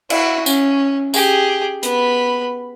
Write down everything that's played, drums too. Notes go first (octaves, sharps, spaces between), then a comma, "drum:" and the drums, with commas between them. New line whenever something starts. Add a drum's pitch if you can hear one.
E4 F#4, drum: cymbal
C#4, drum: tambourine
G4 G#4, drum: tambourine
B3 B5, drum: hi-hat